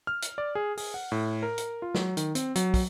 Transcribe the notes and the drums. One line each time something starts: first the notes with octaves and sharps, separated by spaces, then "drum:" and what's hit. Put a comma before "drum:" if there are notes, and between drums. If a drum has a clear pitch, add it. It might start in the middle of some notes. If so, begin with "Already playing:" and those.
F6
drum: hi-hat
D5
G#4
G#4, drum: open hi-hat
F#5
A2
A#4
drum: hi-hat
F4
F#3, drum: snare
D#3, drum: hi-hat
C4, drum: hi-hat
F#3, drum: hi-hat
drum: kick, open hi-hat